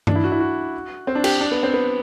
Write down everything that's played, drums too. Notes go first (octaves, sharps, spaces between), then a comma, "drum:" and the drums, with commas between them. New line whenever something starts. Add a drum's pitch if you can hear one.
D4, drum: tom G2
E4
F#4
E4
F#4
C4
D4
G4, drum: cymbal
D4
B3
C4
B3